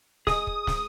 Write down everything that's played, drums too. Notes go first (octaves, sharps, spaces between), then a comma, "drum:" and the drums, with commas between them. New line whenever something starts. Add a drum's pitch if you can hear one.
G#4 D#5 G#5 D#6, drum: snare
drum: kick
drum: snare